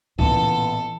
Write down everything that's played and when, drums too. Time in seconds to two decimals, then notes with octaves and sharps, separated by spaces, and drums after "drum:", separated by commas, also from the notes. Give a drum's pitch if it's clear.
0.19 A1 A#2 E3 B3 A4, drum: kick C#2